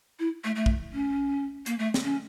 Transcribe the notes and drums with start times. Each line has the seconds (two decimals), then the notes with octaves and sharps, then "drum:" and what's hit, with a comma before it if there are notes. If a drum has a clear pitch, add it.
0.19 E4
0.44 A3
0.56 A3
0.66 drum: kick
0.93 C#4
1.66 A#3, drum: hi-hat
1.79 A3
1.94 drum: snare
2.03 C#4